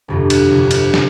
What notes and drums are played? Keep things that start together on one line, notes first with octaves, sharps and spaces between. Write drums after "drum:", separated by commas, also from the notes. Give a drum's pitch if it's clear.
G1 F2 C3
drum: cymbal
G1 F2 C3
drum: cymbal
C3, drum: snare